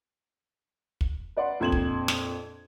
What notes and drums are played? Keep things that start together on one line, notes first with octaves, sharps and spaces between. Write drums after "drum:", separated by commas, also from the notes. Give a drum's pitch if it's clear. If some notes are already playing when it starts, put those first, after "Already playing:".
drum: kick
B4 D5 F#5 C6
A#1 F2 C6 G#6 E7 F#7
drum: kick
drum: snare